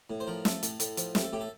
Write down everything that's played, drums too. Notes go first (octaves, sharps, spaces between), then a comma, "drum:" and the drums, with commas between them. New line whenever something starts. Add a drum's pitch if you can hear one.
A2
C5
F3 A#4
A3 A4, drum: snare
A2, drum: hi-hat
A2, drum: hi-hat
F3, drum: hi-hat
A3 G4, drum: snare
A4
A2 G4
A4